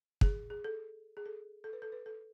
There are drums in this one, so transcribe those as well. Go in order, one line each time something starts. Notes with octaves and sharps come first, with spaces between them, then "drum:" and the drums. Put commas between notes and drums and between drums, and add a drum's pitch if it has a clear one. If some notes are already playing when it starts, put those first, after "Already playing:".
G#4, drum: kick
G#4
A4
G#4
A4
A4
B4
A4
B4
A4